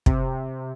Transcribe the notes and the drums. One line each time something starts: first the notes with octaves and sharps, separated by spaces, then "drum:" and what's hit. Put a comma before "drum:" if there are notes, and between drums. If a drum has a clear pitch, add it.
C3, drum: kick